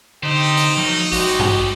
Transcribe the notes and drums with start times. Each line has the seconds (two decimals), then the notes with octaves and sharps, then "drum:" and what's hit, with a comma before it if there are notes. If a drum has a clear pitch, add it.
0.23 D3 D#4 G4 C5 G5
0.57 drum: hi-hat
0.77 F3 F#3 A#3
1.12 A1 G#3 F#4 G4, drum: open hi-hat
1.39 drum: tom G2